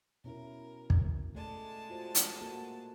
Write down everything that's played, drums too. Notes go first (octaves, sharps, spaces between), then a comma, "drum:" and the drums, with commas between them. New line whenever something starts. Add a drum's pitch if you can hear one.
B2 C#4 E4 A#4
drum: kick
G#3 A3 D5 A5
F4 F#4 C5
drum: hi-hat
A#3 F#4 A4